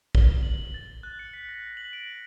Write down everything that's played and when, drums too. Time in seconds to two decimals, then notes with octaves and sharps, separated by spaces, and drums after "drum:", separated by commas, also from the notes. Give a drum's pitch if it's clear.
0.15 G7, drum: kick
0.43 F#7
0.74 A6
1.03 F#6
1.19 C#7
1.33 B6
1.49 A#6
1.77 F#7
1.93 D7